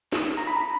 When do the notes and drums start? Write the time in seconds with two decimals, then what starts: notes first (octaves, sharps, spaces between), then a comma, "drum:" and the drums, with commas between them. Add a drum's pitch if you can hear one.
0.12 drum: snare
0.37 A#5
0.47 B5
0.57 A#5